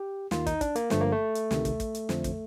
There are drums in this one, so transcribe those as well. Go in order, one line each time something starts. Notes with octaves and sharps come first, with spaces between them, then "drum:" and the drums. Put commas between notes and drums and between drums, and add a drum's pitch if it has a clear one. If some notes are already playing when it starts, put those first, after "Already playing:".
Already playing: G4
D#2 D#3 F4, drum: snare
D#4, drum: kick, hi-hat
D4, drum: kick, hi-hat
A#3, drum: hi-hat
G1 G2 D3 F3 A3, drum: snare
A#3
A3
drum: hi-hat
D2 C3 D#3, drum: snare
drum: kick, hi-hat
drum: kick, hi-hat
drum: hi-hat
F2 D3 F3, drum: snare
drum: kick, hi-hat